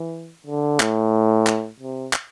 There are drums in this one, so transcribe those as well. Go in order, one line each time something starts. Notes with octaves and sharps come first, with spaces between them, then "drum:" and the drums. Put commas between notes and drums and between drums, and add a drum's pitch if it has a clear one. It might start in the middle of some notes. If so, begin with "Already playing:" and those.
Already playing: E3
D3
A2, drum: clap
drum: clap
C3
drum: clap